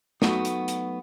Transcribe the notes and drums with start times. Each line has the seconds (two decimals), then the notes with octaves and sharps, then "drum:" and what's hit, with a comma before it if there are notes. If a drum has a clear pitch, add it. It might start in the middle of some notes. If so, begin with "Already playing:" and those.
0.22 F#3 A3 B3 D#4, drum: snare
0.45 drum: hi-hat
0.68 drum: hi-hat